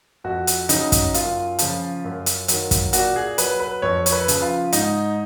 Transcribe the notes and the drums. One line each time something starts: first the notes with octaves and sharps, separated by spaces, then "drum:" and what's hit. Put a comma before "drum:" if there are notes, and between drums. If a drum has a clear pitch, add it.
F2 F#4
drum: hi-hat
C#3 F#3 D#4, drum: hi-hat
drum: kick, hi-hat
F#2 F4, drum: hi-hat
C#3 F3, drum: hi-hat
F#2
drum: hi-hat
D#3 F#3, drum: hi-hat
drum: kick, hi-hat
A#2 F#4, drum: hi-hat
G#4
F#3 B4, drum: hi-hat
B4
F2 C#5
C#5, drum: hi-hat
B4
C#3 F3, drum: hi-hat
F4
G#2 D#4, drum: hi-hat